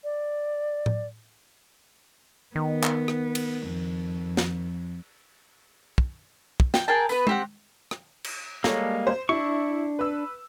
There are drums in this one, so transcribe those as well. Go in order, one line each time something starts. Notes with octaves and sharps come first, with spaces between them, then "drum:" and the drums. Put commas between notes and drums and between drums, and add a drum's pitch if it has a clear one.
D5
drum: tom A2
D#3 B3
drum: clap
drum: rim click
drum: cymbal
F2
drum: snare
drum: kick
drum: kick
G5, drum: snare
G#4 A#4 G5 A5
B3 B4, drum: tambourine
C4 G4 F#5, drum: tom
drum: rim click
drum: cymbal
G3 G#3 A#3 A4 C#5, drum: snare
C5
D4 E4 C#6
B4 E6